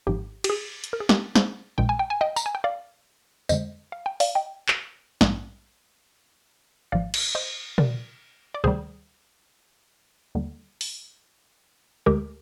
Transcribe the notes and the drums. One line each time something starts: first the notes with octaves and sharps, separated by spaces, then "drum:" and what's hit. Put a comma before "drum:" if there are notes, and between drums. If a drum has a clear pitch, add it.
G#1 G#2 F3 G4
G4, drum: cymbal
G#4
drum: hi-hat
A#4
G#4
G4 A#4, drum: snare
G#4 C5, drum: snare
A#1 A#2 F3 G#3 G5
G#5
G5
G#5
D#5 G5
A#5, drum: tambourine
G#5
G5
D5 F5
F2 D3 G#3 C5 D#5, drum: tambourine
F5
G5
D5 F5, drum: open hi-hat
D#5 G5
drum: clap
A#1 G#2 G3, drum: snare
G#1 G#2 F3 D5 F5
drum: cymbal
C5 D#5
A#4 D5, drum: tom
D5
D2 C3 D#3 G3 G#4 C5
D#2 D3 G3
drum: open hi-hat
D2 D3 G#3 G4 A#4